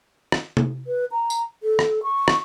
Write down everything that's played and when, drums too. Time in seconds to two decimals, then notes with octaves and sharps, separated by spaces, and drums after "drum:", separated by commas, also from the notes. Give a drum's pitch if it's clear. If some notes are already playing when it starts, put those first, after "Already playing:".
0.32 drum: rim click
0.57 drum: tom
0.87 B4
1.12 A#5
1.30 drum: tambourine
1.63 A4
1.79 drum: rim click
2.03 C#6
2.28 drum: rim click